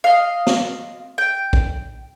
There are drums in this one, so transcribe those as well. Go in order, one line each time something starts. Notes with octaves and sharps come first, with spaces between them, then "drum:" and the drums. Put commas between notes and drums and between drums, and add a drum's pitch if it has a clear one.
D#5 F5
drum: snare
G5
drum: kick A#1